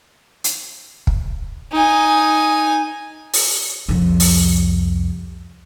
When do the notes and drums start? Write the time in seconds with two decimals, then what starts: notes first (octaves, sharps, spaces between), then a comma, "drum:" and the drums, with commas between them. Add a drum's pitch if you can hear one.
0.44 drum: hi-hat
1.07 drum: kick
1.72 D#4 G#5
3.34 drum: open hi-hat
3.88 C2 F2
4.20 drum: open hi-hat